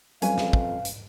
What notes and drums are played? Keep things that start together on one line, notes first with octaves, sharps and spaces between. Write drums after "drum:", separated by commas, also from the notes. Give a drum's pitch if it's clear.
F2 F#3 G3 C#4 B4 F5 G#5, drum: hi-hat
drum: snare
drum: kick
drum: hi-hat